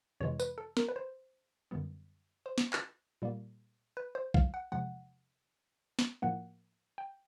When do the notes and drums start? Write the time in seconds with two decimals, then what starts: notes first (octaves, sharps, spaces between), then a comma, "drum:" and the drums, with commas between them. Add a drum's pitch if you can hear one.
0.20 F2 C3 E3 G#3 C#5
0.40 B4, drum: tambourine
0.58 A4
0.77 A#4, drum: snare
0.89 B4
0.96 C5
1.71 F#2 D3 G3 B3
2.46 C5
2.58 drum: snare
2.73 drum: clap
3.22 A#2 G3 A#3
3.97 B4
4.15 C5
4.34 F5, drum: kick B1
4.54 F#5
4.72 E2 C3 F3 G#3 F#5
5.99 drum: snare
6.22 A2 F3 A#3 F#5
6.98 G5